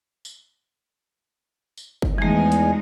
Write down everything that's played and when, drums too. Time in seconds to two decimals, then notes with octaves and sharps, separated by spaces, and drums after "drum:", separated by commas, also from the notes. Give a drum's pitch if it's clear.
0.25 drum: tambourine
1.77 drum: tambourine
2.02 drum: kick G1
2.18 E2 E3 F3 G#3 A3 D#4 G#5
2.52 drum: hi-hat